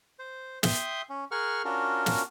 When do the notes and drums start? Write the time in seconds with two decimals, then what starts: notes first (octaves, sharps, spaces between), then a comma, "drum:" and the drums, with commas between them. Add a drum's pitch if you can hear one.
0.19 C5
0.63 E5 G5 C6 D#6, drum: snare
1.09 C#4
1.31 G#4 A#4 F#5 C#6 F6
1.65 C#4 D4 F4 F#4 A#4
2.06 drum: snare